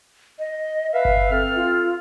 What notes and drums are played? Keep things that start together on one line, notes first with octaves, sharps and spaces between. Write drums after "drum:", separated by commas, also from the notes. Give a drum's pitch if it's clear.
D#5
B4 E5 F5
drum: kick G1
C4 A4 F6
F4